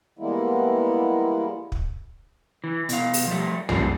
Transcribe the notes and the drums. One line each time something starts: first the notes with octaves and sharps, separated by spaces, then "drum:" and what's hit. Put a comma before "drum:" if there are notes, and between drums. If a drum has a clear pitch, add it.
E3 G3 G#3 A#3 B3 E4
drum: kick
E3
B2 F5, drum: hi-hat
drum: open hi-hat
F3 G3 A3
A#2 G3 C#4 D4 F4 G#4, drum: tom